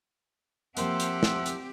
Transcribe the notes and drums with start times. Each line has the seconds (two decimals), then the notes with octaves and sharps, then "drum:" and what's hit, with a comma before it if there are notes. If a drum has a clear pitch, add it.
0.77 F3 A#3 C4 G4 C5 E5 F#5 A5, drum: hi-hat
1.00 drum: hi-hat
1.23 drum: snare
1.46 drum: hi-hat